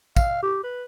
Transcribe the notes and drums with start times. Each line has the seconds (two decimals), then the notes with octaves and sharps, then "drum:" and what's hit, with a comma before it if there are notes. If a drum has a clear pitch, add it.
0.17 F5, drum: kick, tambourine
0.43 G4
0.63 B4